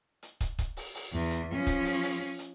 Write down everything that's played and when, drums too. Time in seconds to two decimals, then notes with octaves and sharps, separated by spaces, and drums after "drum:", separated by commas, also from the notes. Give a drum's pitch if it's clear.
0.23 drum: hi-hat
0.41 drum: kick, hi-hat
0.59 drum: kick, hi-hat
0.77 drum: open hi-hat
0.95 drum: open hi-hat
1.13 E2
1.31 drum: hi-hat
1.53 F3 C#4
1.67 drum: kick, hi-hat
1.85 drum: open hi-hat
2.03 drum: open hi-hat
2.39 drum: hi-hat